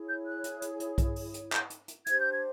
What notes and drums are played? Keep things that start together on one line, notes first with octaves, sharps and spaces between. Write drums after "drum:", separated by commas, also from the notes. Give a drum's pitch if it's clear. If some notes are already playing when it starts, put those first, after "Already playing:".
Already playing: E4 G#4 C#5
G6
F#6
drum: hi-hat
drum: hi-hat
drum: hi-hat
drum: kick B1, hi-hat
drum: open hi-hat
drum: hi-hat
G6, drum: clap
drum: hi-hat
drum: hi-hat
D4 G4 C5 G#6, drum: hi-hat
G6
G#6